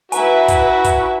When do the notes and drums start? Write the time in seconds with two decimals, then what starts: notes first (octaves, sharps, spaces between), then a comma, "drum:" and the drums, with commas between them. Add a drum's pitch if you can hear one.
0.12 E4 F#4 B4 E5 G#5 A#5, drum: hi-hat
0.48 drum: kick, hi-hat
0.84 drum: kick, hi-hat